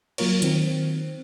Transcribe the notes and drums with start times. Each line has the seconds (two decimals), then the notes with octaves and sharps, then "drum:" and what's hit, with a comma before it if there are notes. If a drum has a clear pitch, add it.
0.18 F#3 A#3 F4 A#4 C#5, drum: cymbal
0.42 D#3 C4, drum: hi-hat